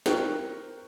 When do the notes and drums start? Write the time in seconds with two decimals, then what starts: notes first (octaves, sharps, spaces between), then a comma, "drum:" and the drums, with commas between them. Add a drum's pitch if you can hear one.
0.06 A#4 C5 G5 C#6 F#6, drum: snare